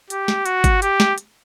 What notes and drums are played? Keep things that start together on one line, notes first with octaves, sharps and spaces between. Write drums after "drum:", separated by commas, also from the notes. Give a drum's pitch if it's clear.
G4, drum: hi-hat
drum: snare
F#4, drum: hi-hat
drum: kick, hi-hat
G4, drum: hi-hat
drum: snare
drum: hi-hat